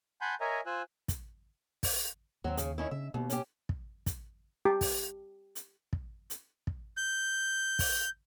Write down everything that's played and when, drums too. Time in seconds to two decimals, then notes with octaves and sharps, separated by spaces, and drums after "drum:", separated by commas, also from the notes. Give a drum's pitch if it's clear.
0.21 F#5 G#5 A5 B5 C6 G6
0.41 A#4 C#5 D#5 E5 G#5 A#5
0.66 F4 C5 G#5 E6 F#6
1.08 drum: kick, hi-hat
1.83 drum: kick, open hi-hat
2.44 D#2 F#3 C4
2.57 C#3, drum: hi-hat
2.78 D#3 C#4 E4
2.91 C#3 E5
3.14 D#2 B2 A#3
3.30 C#4 G4, drum: hi-hat
3.69 drum: kick
4.06 drum: kick, hi-hat
4.65 G4
4.81 drum: kick, open hi-hat
5.55 drum: hi-hat
5.93 drum: kick
6.30 drum: hi-hat
6.67 drum: kick
6.97 G6
7.79 drum: kick, open hi-hat